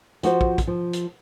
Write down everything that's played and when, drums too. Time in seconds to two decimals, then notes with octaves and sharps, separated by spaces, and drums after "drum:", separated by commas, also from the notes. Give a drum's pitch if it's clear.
0.23 F3 F#4 C5, drum: hi-hat
0.41 drum: kick
0.58 drum: kick, hi-hat
0.67 F3
0.93 drum: hi-hat